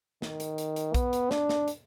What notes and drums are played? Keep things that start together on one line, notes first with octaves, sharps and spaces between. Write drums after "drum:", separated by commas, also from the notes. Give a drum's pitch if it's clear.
D#3, drum: snare
drum: hi-hat
drum: hi-hat
drum: hi-hat
B3, drum: kick B1, hi-hat
drum: hi-hat
D4, drum: snare
drum: snare
drum: hi-hat